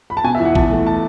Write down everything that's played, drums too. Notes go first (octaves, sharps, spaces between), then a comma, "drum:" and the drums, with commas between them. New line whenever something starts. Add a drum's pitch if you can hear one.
B5
A5
B2 G#5
E5
E2
F#5
E2 A5, drum: kick
A3
A5